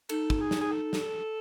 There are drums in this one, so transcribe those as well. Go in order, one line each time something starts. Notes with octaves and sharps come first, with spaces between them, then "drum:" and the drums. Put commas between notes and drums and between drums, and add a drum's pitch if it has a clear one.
D#4 A4, drum: cymbal
drum: kick
G#4
drum: snare
G#4
A4
drum: snare